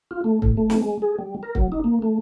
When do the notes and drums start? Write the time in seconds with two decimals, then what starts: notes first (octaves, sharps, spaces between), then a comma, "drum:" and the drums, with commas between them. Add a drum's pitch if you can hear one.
0.11 F4
0.24 A3
0.42 A2, drum: kick C#1
0.57 A3
0.70 drum: snare
0.82 G#3
1.02 G#4
1.19 G3
1.43 A#4
1.55 F#3, drum: kick C#1
1.72 D#4
1.84 A#3
2.02 A3